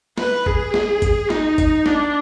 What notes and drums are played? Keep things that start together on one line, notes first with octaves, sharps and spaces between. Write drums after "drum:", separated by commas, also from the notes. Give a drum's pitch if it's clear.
B4, drum: snare
G#4, drum: kick G1
drum: snare
drum: kick G1, hi-hat
D#4, drum: snare
drum: kick G1, hi-hat
D4, drum: snare